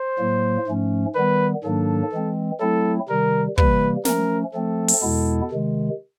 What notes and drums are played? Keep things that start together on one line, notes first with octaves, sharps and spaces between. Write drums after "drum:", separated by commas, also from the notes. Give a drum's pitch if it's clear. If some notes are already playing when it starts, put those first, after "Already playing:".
Already playing: C5
A2 F#3 A#3
G#2 F3 A3 C#4
D#3 G3 B3 B4
G#2 D#3 F#3 A#3 D4 A4
E3 G#3 C4
F#3 A3 C4 E4 A4
C3 D#3 G3 A#4
C3 E3 G3 A#3 B4, drum: kick
F3 A3 C#4 A#4, drum: snare
F3 A3 C4 A4
drum: open hi-hat
E2 B2 G#3 B3 E4
C3 D#3 G#3